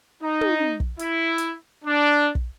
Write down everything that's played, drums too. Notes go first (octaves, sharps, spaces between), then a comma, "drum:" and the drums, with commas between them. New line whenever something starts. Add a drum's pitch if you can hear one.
D#4
drum: tom
drum: kick
E4, drum: hi-hat
drum: hi-hat
D4
drum: kick